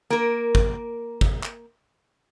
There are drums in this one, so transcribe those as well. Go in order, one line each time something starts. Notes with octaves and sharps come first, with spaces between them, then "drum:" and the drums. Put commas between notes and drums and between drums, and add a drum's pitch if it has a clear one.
A#3 A#4
drum: kick
drum: kick
drum: clap